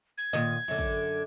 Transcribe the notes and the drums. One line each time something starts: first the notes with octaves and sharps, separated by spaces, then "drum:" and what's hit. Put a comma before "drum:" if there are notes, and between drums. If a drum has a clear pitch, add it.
G#6
A#2 D#3 D#5
F#2 D3
drum: kick